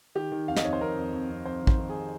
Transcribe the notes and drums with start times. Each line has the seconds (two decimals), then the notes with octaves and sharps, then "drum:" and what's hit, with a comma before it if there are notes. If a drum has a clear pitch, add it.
0.15 D#3 G4
0.32 D#3
0.48 F2 F5
0.56 D#5, drum: snare
0.65 F2 C#5
0.73 C5
0.80 F2 A#4
0.96 F2
1.13 F2
1.30 F2
1.45 F2 C5
1.62 D#3
1.67 C5, drum: kick
1.79 D#3
1.89 G#4